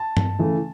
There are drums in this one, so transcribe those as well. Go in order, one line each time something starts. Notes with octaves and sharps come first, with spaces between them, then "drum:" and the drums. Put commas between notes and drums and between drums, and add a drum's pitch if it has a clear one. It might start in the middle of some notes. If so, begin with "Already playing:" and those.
Already playing: A5
drum: tom G2
C#3 E3 A3